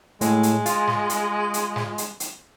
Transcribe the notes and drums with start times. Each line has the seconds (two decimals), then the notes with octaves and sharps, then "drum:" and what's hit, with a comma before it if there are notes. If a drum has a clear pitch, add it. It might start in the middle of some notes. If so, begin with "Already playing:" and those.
0.21 A2 G#3, drum: hi-hat
0.43 drum: hi-hat
0.66 F4, drum: hi-hat
0.87 drum: snare
1.10 drum: hi-hat
1.54 drum: hi-hat
1.76 drum: snare
1.98 drum: hi-hat
2.20 drum: hi-hat